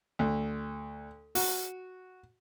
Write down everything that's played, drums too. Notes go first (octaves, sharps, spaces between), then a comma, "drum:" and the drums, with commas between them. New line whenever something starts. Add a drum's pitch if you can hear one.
D2
F#4, drum: open hi-hat